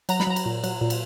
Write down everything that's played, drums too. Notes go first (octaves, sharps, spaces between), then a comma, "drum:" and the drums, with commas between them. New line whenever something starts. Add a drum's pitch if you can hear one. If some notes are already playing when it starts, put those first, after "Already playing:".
F#3 A#5, drum: cymbal
B5, drum: snare
F#3 A#5
drum: cymbal
A#2
F#3, drum: cymbal
A#2
drum: cymbal